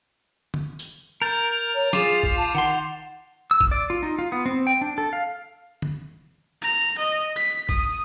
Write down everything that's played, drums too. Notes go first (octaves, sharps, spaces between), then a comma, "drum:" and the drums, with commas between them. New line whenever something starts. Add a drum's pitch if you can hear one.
drum: tom
drum: tambourine
A#4 G6 A6 F7
C#5
F4 G#4 D6 E7, drum: snare
drum: kick A1
A5
D#3 F#5 C6
E6
drum: kick A1
D5
F4
D#4
F4
B3
C4
G5
D4
A4
F5
drum: tom
A#5
D#5
B6
D#6, drum: kick A1